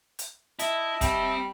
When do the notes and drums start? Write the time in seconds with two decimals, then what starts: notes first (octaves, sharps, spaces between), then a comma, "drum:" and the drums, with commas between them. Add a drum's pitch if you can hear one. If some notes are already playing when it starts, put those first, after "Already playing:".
0.19 drum: hi-hat
0.59 E4 D#5 E5 A5, drum: hi-hat
1.01 G3 C4 G5, drum: kick, hi-hat